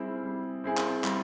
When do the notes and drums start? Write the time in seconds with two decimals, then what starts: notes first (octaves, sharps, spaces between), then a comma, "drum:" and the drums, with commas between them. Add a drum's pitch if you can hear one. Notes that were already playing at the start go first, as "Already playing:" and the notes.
Already playing: G3 C4 E4 G#4
0.23 G3
0.64 C4 E4 G#4
0.77 drum: clap
1.04 G3, drum: clap